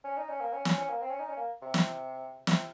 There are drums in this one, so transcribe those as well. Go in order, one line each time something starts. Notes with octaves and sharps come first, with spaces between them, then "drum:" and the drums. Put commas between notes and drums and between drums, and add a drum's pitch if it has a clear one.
C#4
D#4
C#4
A#3
C#4
C#4, drum: snare
C#4
A#3
C4
C#4
D#4
C#4
A#3
C3
drum: snare
C3, drum: snare